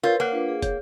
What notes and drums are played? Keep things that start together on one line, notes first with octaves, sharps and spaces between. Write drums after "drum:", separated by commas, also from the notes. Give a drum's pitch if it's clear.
F4 A#4 B4 C#5
A#3 C5 F5 F#5
D4 F4 B4
G#4
C#5, drum: kick, hi-hat